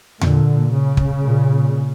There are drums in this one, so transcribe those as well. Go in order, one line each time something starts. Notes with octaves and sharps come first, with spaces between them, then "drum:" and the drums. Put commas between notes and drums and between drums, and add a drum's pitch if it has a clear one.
A#2 D3, drum: tom E2
C#3
drum: kick
A#2